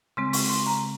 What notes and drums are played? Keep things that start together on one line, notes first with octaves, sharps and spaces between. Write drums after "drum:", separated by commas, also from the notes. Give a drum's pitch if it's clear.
C#3 G#3 C4 C6
C#6, drum: open hi-hat
C6
A#5